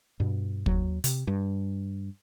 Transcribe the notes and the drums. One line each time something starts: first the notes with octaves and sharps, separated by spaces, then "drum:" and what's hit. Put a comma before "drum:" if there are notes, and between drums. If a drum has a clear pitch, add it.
G2 B2
D#2 F#3, drum: kick
C3, drum: hi-hat
G2